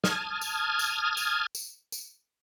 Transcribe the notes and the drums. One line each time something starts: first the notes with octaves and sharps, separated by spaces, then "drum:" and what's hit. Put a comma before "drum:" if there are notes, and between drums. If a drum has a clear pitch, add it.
A5 D#6 F6 G#6, drum: snare
drum: tambourine
drum: tambourine
drum: tambourine
drum: tambourine
drum: tambourine